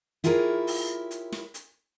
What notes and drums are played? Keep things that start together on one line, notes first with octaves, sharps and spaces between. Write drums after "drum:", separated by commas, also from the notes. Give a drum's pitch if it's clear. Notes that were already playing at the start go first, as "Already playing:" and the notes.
E4 F4 G4 G#4 A#4 C#5, drum: hi-hat
drum: open hi-hat
drum: hi-hat
drum: snare
drum: hi-hat